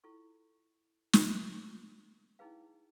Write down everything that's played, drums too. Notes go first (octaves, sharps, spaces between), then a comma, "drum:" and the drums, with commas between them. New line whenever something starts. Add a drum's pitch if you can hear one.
E4 F4 A4 C#6
G#4 A#4 C#5 E5 D#6 E6, drum: snare
C#4 D#4 E4 G#4 B4 F5